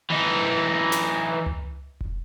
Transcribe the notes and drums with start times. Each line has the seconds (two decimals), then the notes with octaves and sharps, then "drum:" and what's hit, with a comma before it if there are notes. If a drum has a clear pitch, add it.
0.10 E3 D#4
0.92 drum: snare
1.46 drum: tom C#2
2.01 drum: kick F1